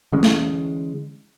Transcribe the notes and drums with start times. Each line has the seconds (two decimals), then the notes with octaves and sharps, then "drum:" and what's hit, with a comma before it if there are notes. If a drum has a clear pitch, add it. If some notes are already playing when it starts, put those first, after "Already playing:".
0.12 D3 E3 G#3 C#4
0.23 drum: snare